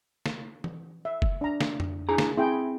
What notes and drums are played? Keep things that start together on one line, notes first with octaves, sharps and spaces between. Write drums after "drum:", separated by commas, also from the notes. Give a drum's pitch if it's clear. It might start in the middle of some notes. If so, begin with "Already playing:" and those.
drum: snare
drum: tom E3
E5
drum: kick F#1
D4 A#5
drum: snare
drum: tom F2
D4 E4 G#4 A#5
drum: snare
C4 E4 G#4 G5